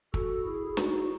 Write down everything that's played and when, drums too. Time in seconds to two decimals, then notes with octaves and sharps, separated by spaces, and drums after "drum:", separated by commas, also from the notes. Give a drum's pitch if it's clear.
0.14 F#4 A4, drum: kick
0.45 E4 G#4
0.77 D#4 F#4, drum: snare